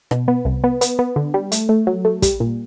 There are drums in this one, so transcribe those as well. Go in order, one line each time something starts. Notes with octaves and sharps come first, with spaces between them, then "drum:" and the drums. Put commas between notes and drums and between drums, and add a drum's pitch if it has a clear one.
B2, drum: rim click
B3
C2
B3
B3, drum: hi-hat
B3
D3
G3
A3, drum: hi-hat
A3
F#3
A3
G3, drum: kick, hi-hat
A#2